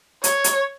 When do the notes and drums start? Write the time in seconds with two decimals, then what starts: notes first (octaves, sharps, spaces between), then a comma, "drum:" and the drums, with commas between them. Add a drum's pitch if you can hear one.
0.24 C#5, drum: hi-hat
0.44 drum: hi-hat